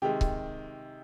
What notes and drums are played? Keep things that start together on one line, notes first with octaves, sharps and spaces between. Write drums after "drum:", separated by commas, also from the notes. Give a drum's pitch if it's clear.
C3 D#3 G#3 G4
drum: kick C#1